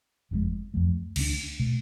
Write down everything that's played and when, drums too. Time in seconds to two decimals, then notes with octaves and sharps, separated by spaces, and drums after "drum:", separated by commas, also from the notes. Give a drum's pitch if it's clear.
0.31 F#1 F2 C#3 G#3
0.74 F2 F3 A3
1.16 D2 D3 G#3 D4, drum: cymbal
1.60 B2 A3